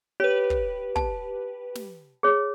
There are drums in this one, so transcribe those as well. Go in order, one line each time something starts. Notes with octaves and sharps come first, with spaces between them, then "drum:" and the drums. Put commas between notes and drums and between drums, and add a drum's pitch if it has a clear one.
G4 B4 C#5
drum: kick
A5, drum: kick
drum: snare
G#4 C#5